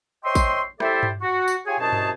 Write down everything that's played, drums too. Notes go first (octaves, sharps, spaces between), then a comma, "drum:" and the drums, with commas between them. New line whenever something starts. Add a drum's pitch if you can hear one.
C5 C#5 D#5 E5 G5 C6
drum: kick, tambourine
E4 G4 A4 C5 D5 E5, drum: rim click
drum: tom G2
F#4
drum: tambourine
F4 G4 G#4 C#5 G#5
C2 F#2 B2 D#4 G#4 A5
drum: tom G2